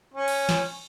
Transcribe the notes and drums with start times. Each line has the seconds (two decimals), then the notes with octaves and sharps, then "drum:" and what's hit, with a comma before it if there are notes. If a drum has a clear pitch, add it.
0.14 C#4
0.28 drum: cymbal
0.49 drum: snare